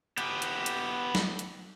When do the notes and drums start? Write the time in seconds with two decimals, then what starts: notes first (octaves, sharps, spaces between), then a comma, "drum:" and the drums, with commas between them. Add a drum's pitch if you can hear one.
0.18 B3 G4, drum: hi-hat
0.42 drum: hi-hat
0.66 drum: hi-hat
1.15 drum: snare
1.39 drum: hi-hat